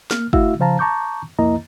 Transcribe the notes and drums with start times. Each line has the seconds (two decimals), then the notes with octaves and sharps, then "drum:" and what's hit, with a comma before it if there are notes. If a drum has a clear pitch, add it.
0.11 A#3 F6, drum: snare
0.33 A3 E4 F#4 E5 F5 E6, drum: kick
0.59 C#3 F3 C5 F5 A5 A#5
0.79 A5 A#5 C#6 D6 G6
1.39 C2 F2 A#3 E4 D#5 A#5